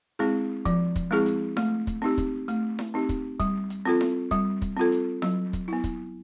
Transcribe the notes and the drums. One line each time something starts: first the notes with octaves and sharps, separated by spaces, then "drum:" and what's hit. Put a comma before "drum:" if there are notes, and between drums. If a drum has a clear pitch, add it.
G#3 C4 E4 G#4
F3, drum: kick, hi-hat
drum: kick, hi-hat
G#3 C4 E4 G#4
drum: hi-hat
A3, drum: snare E4
drum: kick, hi-hat
C4 D#4 G4
drum: kick, hi-hat
A3, drum: hi-hat
drum: snare E4
C4 D#4 G4
drum: kick, hi-hat
G3, drum: kick, hi-hat
drum: hi-hat
C4 F4 A4
drum: snare E4
G3, drum: kick, hi-hat
drum: kick, hi-hat
C4 F4 A4
drum: hi-hat
F#3, drum: snare E4
drum: kick, hi-hat
B3 E4
drum: kick, hi-hat